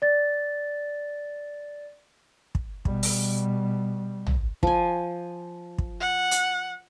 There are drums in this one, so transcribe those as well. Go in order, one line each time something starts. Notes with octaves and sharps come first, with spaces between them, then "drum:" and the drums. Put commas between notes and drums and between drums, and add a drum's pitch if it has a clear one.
D5 A6
drum: kick
B2 G3, drum: kick
drum: open hi-hat
drum: tom
F3 G#5, drum: kick
drum: kick
F#5
drum: hi-hat